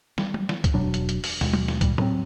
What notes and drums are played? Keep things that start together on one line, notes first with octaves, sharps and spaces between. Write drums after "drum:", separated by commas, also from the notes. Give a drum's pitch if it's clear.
G3, drum: snare
drum: tom F#3
drum: snare
drum: kick C#2, hi-hat
E1 B2 F#3 D4
drum: hi-hat
drum: hi-hat
drum: open hi-hat
D#2 B2 G#3, drum: snare
drum: tom F#3
drum: snare
A#2 G3, drum: kick C#2, hi-hat
F#3 C4, drum: tom A2